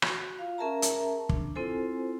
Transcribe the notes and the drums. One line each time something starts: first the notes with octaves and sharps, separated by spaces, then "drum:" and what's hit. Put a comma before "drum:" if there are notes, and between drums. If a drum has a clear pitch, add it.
F#4, drum: rim click
F4 F5
C#4 G#4 A#4 E5 A5 A#5
drum: hi-hat
D4, drum: kick
C4 E4 F4 A4 C5 G#5